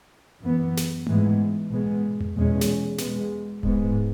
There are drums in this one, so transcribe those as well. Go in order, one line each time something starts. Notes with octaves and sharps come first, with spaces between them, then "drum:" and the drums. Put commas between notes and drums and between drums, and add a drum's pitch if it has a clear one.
F#2 E3 B3
drum: snare
G#2 E3 G#3 B3, drum: tom A3
B2 G#3 B3
drum: tom F2
E2 B2 G#3 C#4
drum: snare
B2 G#3 B3, drum: snare
G#2 G#3 B3, drum: kick D1